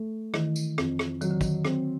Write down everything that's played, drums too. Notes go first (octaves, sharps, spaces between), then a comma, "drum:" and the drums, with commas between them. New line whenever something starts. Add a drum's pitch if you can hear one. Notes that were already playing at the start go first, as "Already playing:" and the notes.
Already playing: A3
D#3 E3, drum: rim click
drum: tambourine
F2, drum: rim click
drum: rim click
D#3 F#3, drum: tambourine
D3
D#3, drum: kick, tambourine
C4, drum: rim click